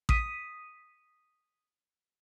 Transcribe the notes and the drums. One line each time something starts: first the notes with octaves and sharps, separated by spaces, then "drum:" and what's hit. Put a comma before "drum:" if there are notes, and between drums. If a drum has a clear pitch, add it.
D#6 B6 D#7, drum: kick A1